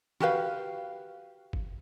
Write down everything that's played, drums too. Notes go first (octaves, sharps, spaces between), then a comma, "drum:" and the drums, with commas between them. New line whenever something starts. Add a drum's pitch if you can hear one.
F#4 G4 B4 F5, drum: snare
drum: kick